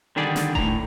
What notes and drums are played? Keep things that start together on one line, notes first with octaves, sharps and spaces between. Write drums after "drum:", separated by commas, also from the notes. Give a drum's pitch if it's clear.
D3 D#3 G3 G#4 D5
drum: snare
A2 A#5, drum: kick E1